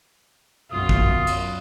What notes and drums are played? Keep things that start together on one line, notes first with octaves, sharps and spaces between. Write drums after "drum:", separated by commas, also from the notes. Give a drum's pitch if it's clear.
B1 F#2 F4 D#6
drum: kick
drum: cymbal